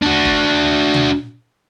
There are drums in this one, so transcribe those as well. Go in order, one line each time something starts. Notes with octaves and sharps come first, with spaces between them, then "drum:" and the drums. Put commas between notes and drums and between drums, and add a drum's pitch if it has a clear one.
D4 F#4
drum: kick
drum: tom B2